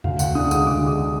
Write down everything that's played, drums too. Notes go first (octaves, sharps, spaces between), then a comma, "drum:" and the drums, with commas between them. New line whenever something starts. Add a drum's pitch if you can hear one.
D2 F5, drum: tom E2
D2 F#5, drum: tambourine
D3 D#6
G#3 D#6, drum: tambourine
D2 D6
G#3